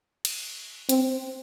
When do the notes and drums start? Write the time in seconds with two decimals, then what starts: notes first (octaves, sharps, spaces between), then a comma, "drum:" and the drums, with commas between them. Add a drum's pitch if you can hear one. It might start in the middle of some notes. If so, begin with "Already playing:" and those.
0.25 drum: cymbal
0.89 C4, drum: hi-hat